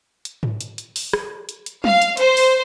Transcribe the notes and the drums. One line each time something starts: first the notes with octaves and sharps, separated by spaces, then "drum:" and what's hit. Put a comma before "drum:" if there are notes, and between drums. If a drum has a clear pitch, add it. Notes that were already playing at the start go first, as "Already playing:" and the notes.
drum: hi-hat
drum: tom G#2
drum: hi-hat
drum: hi-hat
drum: open hi-hat
drum: rim click
drum: hi-hat
drum: hi-hat
F5, drum: tom
drum: hi-hat
C5, drum: hi-hat
drum: open hi-hat